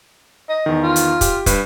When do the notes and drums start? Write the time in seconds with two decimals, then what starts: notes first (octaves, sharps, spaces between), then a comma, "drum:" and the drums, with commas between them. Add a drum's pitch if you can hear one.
0.49 D#5
0.66 E2 D#3
0.83 F4
0.96 drum: hi-hat
1.21 G4, drum: kick, hi-hat
1.46 G2 B4, drum: kick, hi-hat